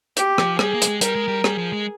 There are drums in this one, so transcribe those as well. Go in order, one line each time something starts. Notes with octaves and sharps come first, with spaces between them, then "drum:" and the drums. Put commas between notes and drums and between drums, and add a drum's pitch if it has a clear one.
G4, drum: hi-hat
F3, drum: rim click
G3 G#4, drum: rim click
A#3
G3, drum: hi-hat
G#3
G3 A#4, drum: hi-hat
G#3
G3
G3 G#4, drum: rim click
F3
G#3